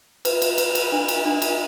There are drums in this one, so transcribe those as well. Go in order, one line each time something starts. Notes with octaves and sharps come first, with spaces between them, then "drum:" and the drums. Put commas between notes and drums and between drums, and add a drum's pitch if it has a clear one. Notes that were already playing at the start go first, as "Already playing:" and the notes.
B4, drum: cymbal
drum: cymbal
B4, drum: cymbal
drum: cymbal
D4
drum: cymbal
D4
drum: cymbal